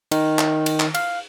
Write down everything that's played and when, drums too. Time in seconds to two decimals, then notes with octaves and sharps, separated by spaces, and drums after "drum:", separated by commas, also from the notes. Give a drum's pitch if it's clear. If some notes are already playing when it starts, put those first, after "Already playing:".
0.11 D#3, drum: cymbal
0.39 drum: clap
0.66 drum: cymbal
0.80 drum: clap
0.94 F5, drum: cymbal